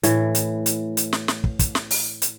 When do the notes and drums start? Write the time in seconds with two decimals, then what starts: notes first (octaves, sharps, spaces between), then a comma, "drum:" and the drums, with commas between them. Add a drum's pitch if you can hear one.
0.03 A2 E3, drum: hi-hat
0.35 drum: hi-hat
0.66 drum: hi-hat
0.97 drum: hi-hat
1.13 drum: snare
1.28 drum: snare
1.44 drum: kick
1.59 drum: kick, hi-hat
1.75 drum: snare
1.91 drum: open hi-hat
2.22 drum: hi-hat